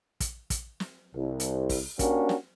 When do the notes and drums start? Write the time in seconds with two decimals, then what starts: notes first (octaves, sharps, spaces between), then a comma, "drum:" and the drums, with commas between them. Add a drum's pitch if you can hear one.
0.20 drum: kick, hi-hat
0.50 drum: kick, hi-hat
0.80 drum: snare
1.15 C2
1.40 drum: hi-hat
1.69 drum: kick, open hi-hat
1.99 A#3 C#4 D4 F#4 G4 A#4, drum: kick, hi-hat
2.29 drum: snare